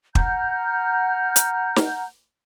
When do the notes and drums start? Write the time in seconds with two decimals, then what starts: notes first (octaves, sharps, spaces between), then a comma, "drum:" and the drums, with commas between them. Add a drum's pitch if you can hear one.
0.15 F#5 A#5 F6 G6, drum: kick
1.36 drum: hi-hat
1.76 drum: snare